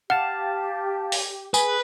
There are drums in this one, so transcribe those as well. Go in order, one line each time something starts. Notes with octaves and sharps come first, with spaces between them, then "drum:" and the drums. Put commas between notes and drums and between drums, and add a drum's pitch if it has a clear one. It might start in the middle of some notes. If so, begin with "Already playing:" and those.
G4 F5 F#5 A5
drum: open hi-hat
G#4 B4, drum: tambourine